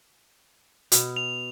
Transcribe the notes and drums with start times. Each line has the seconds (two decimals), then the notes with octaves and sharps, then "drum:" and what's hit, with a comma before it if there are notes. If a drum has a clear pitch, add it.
0.92 B2, drum: hi-hat
1.16 F7